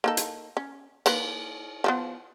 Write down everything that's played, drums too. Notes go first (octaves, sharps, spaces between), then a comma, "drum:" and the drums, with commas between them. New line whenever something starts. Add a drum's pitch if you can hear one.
A#3 D#4 A4
drum: hi-hat
C#4
A#3 B4, drum: cymbal
F3 G#3 B3